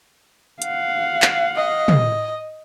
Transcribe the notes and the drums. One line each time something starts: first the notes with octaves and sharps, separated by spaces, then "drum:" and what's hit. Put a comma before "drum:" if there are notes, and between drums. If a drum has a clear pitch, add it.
F5 F#5, drum: hi-hat
drum: clap
D#5
drum: tom